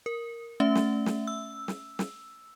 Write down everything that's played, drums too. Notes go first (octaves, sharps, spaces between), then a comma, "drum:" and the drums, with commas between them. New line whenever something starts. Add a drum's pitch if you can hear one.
A#4
A3 C#4 E5
drum: snare
drum: snare
E6
drum: snare
drum: snare